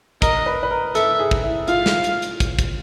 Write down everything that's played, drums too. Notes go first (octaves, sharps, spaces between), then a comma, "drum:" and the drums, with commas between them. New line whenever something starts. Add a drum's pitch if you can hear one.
A#4 D#5, drum: kick, hi-hat
B4
B4
A#4
A4 E5, drum: hi-hat
G#4
drum: kick
E4
F4 F5, drum: hi-hat
drum: snare
drum: hi-hat
drum: hi-hat
drum: kick, hi-hat
drum: kick, hi-hat